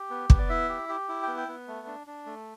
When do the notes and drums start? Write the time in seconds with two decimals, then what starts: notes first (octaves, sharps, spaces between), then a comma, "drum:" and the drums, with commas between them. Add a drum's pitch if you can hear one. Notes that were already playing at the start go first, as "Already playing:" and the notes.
Already playing: G4
0.10 B3
0.30 B3, drum: kick
0.39 D5
0.49 E4 E5
0.69 G4
0.89 G4
1.09 E4
1.23 B3 G5
1.38 G5
1.48 B3
1.68 A3
1.87 D4
2.07 D4
2.26 A3